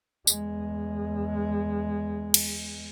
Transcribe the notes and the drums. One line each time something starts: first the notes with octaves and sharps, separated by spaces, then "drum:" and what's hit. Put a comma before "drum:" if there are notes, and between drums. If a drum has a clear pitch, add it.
E2 G#3, drum: tambourine
drum: cymbal